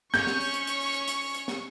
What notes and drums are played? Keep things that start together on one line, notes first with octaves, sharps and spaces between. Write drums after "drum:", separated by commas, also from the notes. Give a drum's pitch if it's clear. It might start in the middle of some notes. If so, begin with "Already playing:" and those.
C#4 C#5 C#6 G6, drum: snare
drum: snare
drum: open hi-hat
drum: hi-hat
drum: hi-hat
drum: open hi-hat
drum: hi-hat
drum: hi-hat
drum: open hi-hat
drum: hi-hat
drum: snare